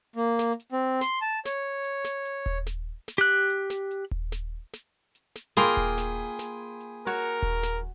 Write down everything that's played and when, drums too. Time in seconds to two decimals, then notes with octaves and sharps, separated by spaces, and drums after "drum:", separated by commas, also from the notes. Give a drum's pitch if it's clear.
0.16 A#3
0.39 drum: snare
0.60 drum: hi-hat
0.72 C4
1.01 C6, drum: snare
1.21 A5
1.45 C#5, drum: snare
1.84 drum: hi-hat
2.04 drum: snare
2.25 drum: hi-hat
2.46 drum: kick D#1
2.67 drum: snare
3.08 drum: snare
3.18 G4 F#6
3.49 drum: hi-hat
3.70 drum: snare
3.91 drum: hi-hat
4.11 drum: kick D#1
4.32 drum: snare
4.73 drum: snare
5.15 drum: hi-hat
5.36 drum: snare
5.57 A#3 F4 G#4 A#4 G5 G#5 B5 C6, drum: hi-hat
5.77 drum: kick D#1
5.98 drum: snare
6.39 drum: snare
6.80 drum: hi-hat
7.07 F#4 A#4 C#5
7.22 drum: hi-hat
7.42 drum: kick D#1
7.63 drum: snare